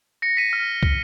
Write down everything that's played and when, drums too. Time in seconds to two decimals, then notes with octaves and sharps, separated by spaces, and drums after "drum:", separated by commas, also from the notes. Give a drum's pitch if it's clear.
0.22 A#6 C#7
0.37 B6 D#7
0.53 F6
0.83 drum: kick